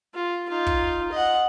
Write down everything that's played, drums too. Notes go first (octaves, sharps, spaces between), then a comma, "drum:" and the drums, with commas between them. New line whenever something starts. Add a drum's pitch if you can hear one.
F4
D#4 F4
drum: kick
D#5 F#5